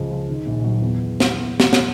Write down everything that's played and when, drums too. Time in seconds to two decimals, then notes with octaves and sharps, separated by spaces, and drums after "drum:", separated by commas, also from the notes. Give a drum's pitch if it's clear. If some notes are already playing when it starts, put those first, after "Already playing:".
Already playing: C#2 F3
0.11 F3
0.29 D#3
0.46 A#1
0.64 F#3
0.82 E2
1.20 drum: snare
1.60 drum: snare
1.73 drum: snare